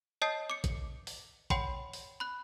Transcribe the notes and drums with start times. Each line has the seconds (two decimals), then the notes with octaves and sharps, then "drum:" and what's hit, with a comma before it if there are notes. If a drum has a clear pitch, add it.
0.22 C#5 D#5 A5 D#6 G6 C7
0.50 D6 C#7
0.64 drum: kick A1, hi-hat
1.07 drum: open hi-hat
1.50 C#5 F#5 G5 B5 C6, drum: kick A1, hi-hat
1.93 drum: open hi-hat
2.20 B5 F#6